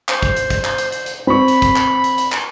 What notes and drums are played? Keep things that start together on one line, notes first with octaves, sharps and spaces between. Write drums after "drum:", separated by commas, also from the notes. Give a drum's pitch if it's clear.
C5, drum: clap
drum: kick, hi-hat
drum: hi-hat
drum: kick, hi-hat
drum: clap
drum: hi-hat
drum: hi-hat
drum: hi-hat
C4 B5 C#6
drum: hi-hat
drum: kick, hi-hat
drum: clap
drum: hi-hat
drum: hi-hat
drum: clap